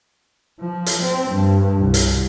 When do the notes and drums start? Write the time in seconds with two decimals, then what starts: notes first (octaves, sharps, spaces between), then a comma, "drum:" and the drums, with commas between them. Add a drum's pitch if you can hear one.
0.60 F3
0.86 drum: hi-hat
1.02 C4
1.31 G2
1.78 C2
1.94 drum: hi-hat